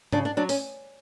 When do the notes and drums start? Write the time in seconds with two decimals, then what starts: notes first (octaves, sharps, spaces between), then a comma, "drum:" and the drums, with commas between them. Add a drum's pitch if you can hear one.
0.12 C#3 D4, drum: tom G#2
0.25 D4
0.37 F#3 D4
0.49 C#4, drum: open hi-hat